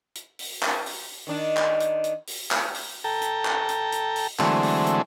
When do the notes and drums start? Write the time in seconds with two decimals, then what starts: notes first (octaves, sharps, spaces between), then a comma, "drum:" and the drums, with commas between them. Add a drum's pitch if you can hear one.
0.15 drum: hi-hat
0.39 drum: open hi-hat
0.62 drum: clap
0.86 drum: open hi-hat
1.27 D#3 D4
1.57 drum: clap
1.80 drum: hi-hat
2.04 drum: hi-hat
2.27 drum: open hi-hat
2.51 drum: clap
2.74 drum: open hi-hat
3.04 A4 G5 A#5
3.22 drum: hi-hat
3.45 drum: clap
3.69 drum: hi-hat
3.92 drum: hi-hat
4.16 drum: open hi-hat
4.39 D3 E3 F#3 G#3 A3 C4, drum: clap
4.63 drum: open hi-hat
4.86 drum: hi-hat